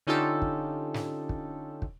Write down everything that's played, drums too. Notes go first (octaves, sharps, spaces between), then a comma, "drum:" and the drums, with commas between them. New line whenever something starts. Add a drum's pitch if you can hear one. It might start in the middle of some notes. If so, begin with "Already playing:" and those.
D3 C#4 D#4 F4 G4 A4
drum: kick
drum: snare
drum: kick
drum: kick